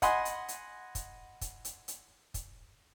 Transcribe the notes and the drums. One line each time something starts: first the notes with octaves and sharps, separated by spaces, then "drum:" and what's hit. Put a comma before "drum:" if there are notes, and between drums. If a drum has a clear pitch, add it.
D#5 F#5 G#5 B5 C6, drum: kick, hi-hat
drum: hi-hat
drum: hi-hat
drum: kick, hi-hat
drum: kick, hi-hat
drum: hi-hat
drum: hi-hat
drum: kick, hi-hat